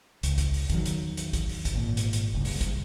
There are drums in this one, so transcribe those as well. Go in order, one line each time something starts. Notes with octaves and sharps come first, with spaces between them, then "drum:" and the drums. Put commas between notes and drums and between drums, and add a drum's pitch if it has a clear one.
C#2, drum: hi-hat
drum: kick A1, hi-hat
drum: open hi-hat
E2 D#3 F#3, drum: kick A1, hi-hat
drum: hi-hat
drum: hi-hat
drum: kick A1, hi-hat
drum: open hi-hat
drum: kick A1, hi-hat
G#1 A#2
drum: hi-hat
drum: hi-hat
F#1 C2
drum: open hi-hat
drum: kick A1, hi-hat